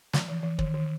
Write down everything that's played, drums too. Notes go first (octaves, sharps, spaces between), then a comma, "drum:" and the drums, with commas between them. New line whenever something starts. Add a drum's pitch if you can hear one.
F3, drum: snare
E3
E3
D#3, drum: kick
D#3